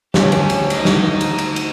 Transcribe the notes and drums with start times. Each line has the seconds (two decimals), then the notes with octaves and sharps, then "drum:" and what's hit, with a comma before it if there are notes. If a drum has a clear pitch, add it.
0.14 D2 C#4 G4, drum: snare
0.32 drum: cymbal
0.50 drum: cymbal
0.70 D#4, drum: cymbal
0.85 drum: snare
1.21 drum: cymbal
1.38 drum: cymbal
1.56 drum: cymbal